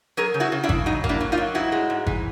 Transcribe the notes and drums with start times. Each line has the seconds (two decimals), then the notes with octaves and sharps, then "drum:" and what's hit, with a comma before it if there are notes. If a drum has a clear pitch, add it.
0.17 F#3 G#4 A#4
0.34 C#3
0.40 E4 F#4
0.52 C#3
0.64 D4 E4
0.69 C#3, drum: kick G#1
0.86 F#3 D#4
1.04 A#3, drum: kick G#1
1.09 D4 E4
1.20 F#3
1.32 D#4 F4
1.38 F#3
1.55 G#2 E4 F#4
1.72 G#3
1.90 G#2
2.07 E3, drum: kick G#1